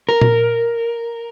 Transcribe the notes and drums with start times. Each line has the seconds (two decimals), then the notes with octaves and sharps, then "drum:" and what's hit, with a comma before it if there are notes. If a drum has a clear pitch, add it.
0.09 A#4
0.21 drum: tom A#2